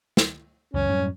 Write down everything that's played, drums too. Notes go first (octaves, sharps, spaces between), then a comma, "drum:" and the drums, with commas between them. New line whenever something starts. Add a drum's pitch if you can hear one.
drum: snare
C#2 F#2 C#4
F#2 A2 G3